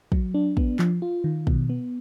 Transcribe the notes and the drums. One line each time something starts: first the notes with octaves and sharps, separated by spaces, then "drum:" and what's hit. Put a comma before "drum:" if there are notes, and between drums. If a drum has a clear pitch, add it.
F#3, drum: kick
D4
B3, drum: kick
F3, drum: clap
F4
D#3
B2, drum: kick
B3